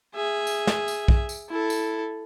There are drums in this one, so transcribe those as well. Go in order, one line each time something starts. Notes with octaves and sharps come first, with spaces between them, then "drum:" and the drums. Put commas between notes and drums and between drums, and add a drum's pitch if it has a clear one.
G#4 E5
drum: tambourine
drum: snare
drum: tambourine
drum: kick
drum: tambourine
E4 A4
drum: tambourine